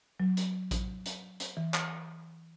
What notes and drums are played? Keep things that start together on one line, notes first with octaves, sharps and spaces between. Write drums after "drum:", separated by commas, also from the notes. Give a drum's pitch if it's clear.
F#3
drum: hi-hat
drum: kick A1, hi-hat
drum: hi-hat
drum: hi-hat
E3
drum: clap